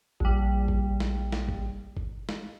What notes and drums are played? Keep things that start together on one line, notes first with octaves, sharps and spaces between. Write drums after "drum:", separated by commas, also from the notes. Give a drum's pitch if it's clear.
A#1 G3, drum: kick G1
drum: kick G1
drum: snare
drum: snare
drum: kick G1
drum: kick G1
drum: snare